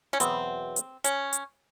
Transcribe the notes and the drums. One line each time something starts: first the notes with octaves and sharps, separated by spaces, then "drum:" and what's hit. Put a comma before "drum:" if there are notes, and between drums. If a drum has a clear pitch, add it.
C#4
E2 B2 F#3 B3 C4 E4, drum: hi-hat
drum: hi-hat
C#4, drum: hi-hat
drum: hi-hat